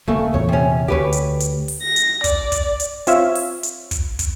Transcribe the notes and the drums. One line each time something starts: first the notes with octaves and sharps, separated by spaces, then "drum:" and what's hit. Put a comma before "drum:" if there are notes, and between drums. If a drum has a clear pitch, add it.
E1 C#3 A3 A#3
E2 A#2 C#5
C3 C#4
D2 G4 B4 C#5
drum: hi-hat
drum: hi-hat
drum: open hi-hat
A#6
drum: hi-hat
D5, drum: kick, hi-hat
drum: kick, hi-hat
drum: hi-hat
C4 F4 C#5 E5 F5, drum: hi-hat
drum: open hi-hat
drum: hi-hat
drum: kick, hi-hat
drum: kick, hi-hat